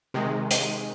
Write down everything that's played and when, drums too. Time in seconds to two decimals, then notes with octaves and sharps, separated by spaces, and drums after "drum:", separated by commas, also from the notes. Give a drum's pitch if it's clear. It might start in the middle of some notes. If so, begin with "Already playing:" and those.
0.14 C3 D#3 G#3
0.51 drum: hi-hat